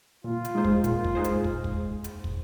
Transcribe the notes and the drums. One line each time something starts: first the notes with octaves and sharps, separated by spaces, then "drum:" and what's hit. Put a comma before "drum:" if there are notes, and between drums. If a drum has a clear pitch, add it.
A#2 F4
drum: hi-hat
G#3 D#4 G#4 C5
drum: kick
A#2 F4, drum: hi-hat
drum: kick
G#3 D#4 G#4 C5
drum: hi-hat
drum: kick
drum: kick
drum: hi-hat
drum: kick